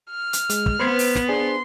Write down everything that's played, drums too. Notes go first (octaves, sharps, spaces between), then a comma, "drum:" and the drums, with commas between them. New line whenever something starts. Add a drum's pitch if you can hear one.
F6
drum: hi-hat
G#3, drum: hi-hat
drum: kick
B3 B4 C5 G#6
drum: open hi-hat
drum: snare
D4 G#4 C5 C6